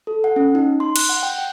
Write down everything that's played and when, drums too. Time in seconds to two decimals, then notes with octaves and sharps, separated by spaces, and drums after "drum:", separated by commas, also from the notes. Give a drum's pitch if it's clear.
0.07 A4
0.24 F#5
0.36 C#4
0.55 D#4
0.80 C6
0.96 F#6, drum: cymbal
1.09 F#5
1.23 G5
1.38 G5